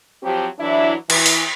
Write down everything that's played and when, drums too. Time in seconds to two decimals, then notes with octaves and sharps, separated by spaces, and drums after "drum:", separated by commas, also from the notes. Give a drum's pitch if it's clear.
0.23 F3 F#3 C4 G4
0.59 E3 F#3 D4 E4
1.10 E3, drum: cymbal
1.26 drum: open hi-hat